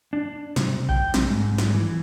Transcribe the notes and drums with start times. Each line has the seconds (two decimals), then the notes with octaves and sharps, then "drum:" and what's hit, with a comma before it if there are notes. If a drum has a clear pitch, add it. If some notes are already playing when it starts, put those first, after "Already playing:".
0.13 D4
0.56 C3, drum: snare
0.89 G5, drum: kick A#1
1.14 C4, drum: snare
1.25 G#2
1.58 drum: snare
1.74 E3